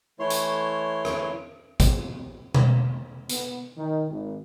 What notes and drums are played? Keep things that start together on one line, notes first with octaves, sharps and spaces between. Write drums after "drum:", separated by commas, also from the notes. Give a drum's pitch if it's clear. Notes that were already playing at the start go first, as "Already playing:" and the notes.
E3 A3 E4 C#5 C6
drum: hi-hat
drum: rim click
drum: kick G#1, hi-hat
drum: tom B2
B3, drum: hi-hat
D#3
G#1